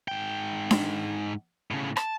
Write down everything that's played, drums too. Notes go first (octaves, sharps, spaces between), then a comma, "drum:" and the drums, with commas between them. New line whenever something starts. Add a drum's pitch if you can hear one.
G#2 G5
drum: snare D4
A2 C#3
A5, drum: rim click